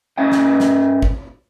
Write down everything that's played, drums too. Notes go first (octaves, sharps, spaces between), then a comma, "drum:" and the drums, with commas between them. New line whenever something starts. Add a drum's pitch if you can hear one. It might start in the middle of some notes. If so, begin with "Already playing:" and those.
G2 C#4 D#5 G5
drum: snare
drum: snare
drum: kick